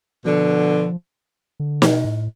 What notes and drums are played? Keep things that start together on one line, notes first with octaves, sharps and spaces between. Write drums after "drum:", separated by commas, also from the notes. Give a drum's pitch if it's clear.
B2 D3 F3
D3
B2, drum: snare
A2